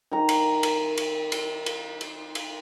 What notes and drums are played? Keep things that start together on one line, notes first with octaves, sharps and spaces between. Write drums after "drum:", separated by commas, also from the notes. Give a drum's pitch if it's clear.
D#3 D#5 A#5
drum: cymbal
drum: cymbal
drum: cymbal
drum: cymbal
drum: cymbal
drum: cymbal
drum: cymbal